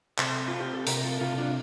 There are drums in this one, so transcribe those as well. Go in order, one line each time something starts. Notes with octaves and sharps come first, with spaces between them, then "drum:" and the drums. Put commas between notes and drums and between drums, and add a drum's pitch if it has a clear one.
C3 A4 C5, drum: clap
C4 F4
G4
A4
C3 G4 A#4, drum: hi-hat
A#4
F4 A4
C3 F4 A4
D4 F4